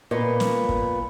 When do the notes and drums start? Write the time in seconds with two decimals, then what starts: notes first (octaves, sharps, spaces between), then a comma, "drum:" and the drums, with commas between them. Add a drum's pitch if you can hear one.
0.11 A#2 B3
0.40 drum: snare
0.69 drum: kick